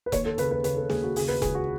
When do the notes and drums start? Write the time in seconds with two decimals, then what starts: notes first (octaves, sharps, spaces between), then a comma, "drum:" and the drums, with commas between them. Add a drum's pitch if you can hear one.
0.06 B4
0.12 D#2 C#5, drum: kick E1, hi-hat
0.26 A4
0.38 C#3 B4, drum: hi-hat
0.51 B4
0.64 C#3 B4, drum: hi-hat
0.77 A4
0.90 D#2 G#4, drum: snare
1.03 F#4
1.16 C#3 G#4, drum: open hi-hat
1.28 B4
1.42 C#2 G#4, drum: kick E1, hi-hat
1.55 F#4